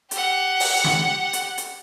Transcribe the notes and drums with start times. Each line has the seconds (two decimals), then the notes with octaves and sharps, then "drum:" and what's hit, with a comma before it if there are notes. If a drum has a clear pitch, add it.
0.11 G4 F#5, drum: hi-hat
0.60 drum: open hi-hat
0.84 drum: snare
1.33 drum: hi-hat
1.58 drum: hi-hat